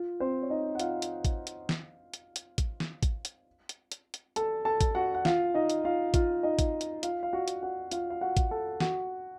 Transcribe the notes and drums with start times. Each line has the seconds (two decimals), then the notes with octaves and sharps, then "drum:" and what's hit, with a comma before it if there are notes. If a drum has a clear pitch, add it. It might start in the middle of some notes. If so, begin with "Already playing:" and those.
Already playing: F4
0.20 C4 C5
0.42 C#5
0.50 D#4 D#5
0.75 F#5
0.79 F4 F5, drum: hi-hat
1.02 drum: hi-hat
1.25 drum: kick A1, hi-hat
1.47 drum: hi-hat
1.69 drum: snare
2.14 drum: hi-hat
2.36 drum: hi-hat
2.58 drum: kick A1, hi-hat
2.80 drum: snare
3.03 drum: kick A1, hi-hat
3.25 drum: hi-hat
3.69 drum: hi-hat
3.92 drum: hi-hat
4.14 drum: hi-hat
4.36 A4 A5, drum: hi-hat
4.65 A4 A5
4.81 drum: kick A1, hi-hat
4.95 F#4 F#5
5.15 F#5
5.25 F4 F5, drum: snare
5.54 D#4 D#5
5.70 drum: hi-hat
5.85 F4 F5
6.14 F4 F5, drum: kick A1, hi-hat
6.43 D#4 D#5
6.59 drum: kick A1, hi-hat
6.81 drum: hi-hat
7.03 F4 F5, drum: hi-hat
7.23 F5
7.33 F#4 F#5
7.48 drum: hi-hat
7.62 F#4 F#5
7.91 F4 F5, drum: hi-hat
8.10 F5
8.21 F#4 F#5
8.37 drum: kick A1, hi-hat
8.51 A4 A5
8.80 F#4 F#5, drum: snare